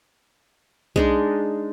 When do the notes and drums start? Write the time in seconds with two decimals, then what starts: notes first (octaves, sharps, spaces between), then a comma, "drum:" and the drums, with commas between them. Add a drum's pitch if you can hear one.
0.96 G#3 D4 D#4, drum: kick B1